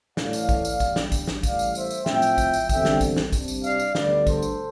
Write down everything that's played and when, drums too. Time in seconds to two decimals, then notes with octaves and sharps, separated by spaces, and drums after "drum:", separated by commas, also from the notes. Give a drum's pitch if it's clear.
0.17 A1 A2 E3 A3 D5 F5, drum: snare
0.33 drum: tambourine
0.49 drum: kick A1, tambourine
0.65 drum: tambourine
0.80 E2 D3 G3, drum: kick A1, tambourine
0.96 drum: snare
1.12 drum: kick A1, tambourine
1.28 drum: snare
1.43 A1 A2 G3 D5 F5, drum: kick A1, tambourine
1.59 drum: tambourine
1.75 C5 E5, drum: tambourine
1.91 drum: tambourine
2.06 A2 F3 C4 E5 G5, drum: snare
2.22 drum: tambourine
2.38 drum: kick A1, tambourine
2.53 drum: tambourine
2.69 E2 D3 G3 C4 E5 G5, drum: kick A1, tambourine
2.85 drum: snare
3.01 drum: kick A1, tambourine
3.16 drum: snare
3.32 C2 C3 G3 D4, drum: kick A1, tambourine
3.48 drum: tambourine
3.64 D5 F5, drum: tambourine
3.79 drum: tambourine
3.95 D2 D3 G3 B3 B4 D5, drum: snare
4.27 A4 C5, drum: kick A1, tambourine
4.42 drum: tambourine